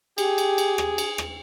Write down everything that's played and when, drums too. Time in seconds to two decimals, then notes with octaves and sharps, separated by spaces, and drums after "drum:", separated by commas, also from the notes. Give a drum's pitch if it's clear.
0.18 G4 G#4, drum: cymbal
0.38 drum: cymbal
0.58 drum: cymbal
0.78 drum: rim click
0.98 drum: cymbal
1.18 drum: rim click